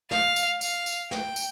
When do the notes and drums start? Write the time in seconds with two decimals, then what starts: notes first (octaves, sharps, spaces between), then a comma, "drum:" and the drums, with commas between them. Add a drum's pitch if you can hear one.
0.11 F5, drum: snare
0.36 drum: tambourine
0.61 F5, drum: tambourine
0.86 drum: tambourine
1.11 G5, drum: snare
1.36 drum: tambourine